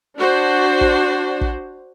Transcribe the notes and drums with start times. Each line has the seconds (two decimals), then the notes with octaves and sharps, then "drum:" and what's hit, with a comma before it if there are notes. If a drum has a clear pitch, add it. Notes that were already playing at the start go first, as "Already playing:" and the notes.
0.18 D4 F#4 C5
0.81 drum: kick
1.41 drum: kick